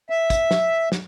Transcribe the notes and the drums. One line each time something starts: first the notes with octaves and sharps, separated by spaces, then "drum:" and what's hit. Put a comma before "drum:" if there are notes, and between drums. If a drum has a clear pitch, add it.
E5
drum: kick, hi-hat
drum: snare
drum: snare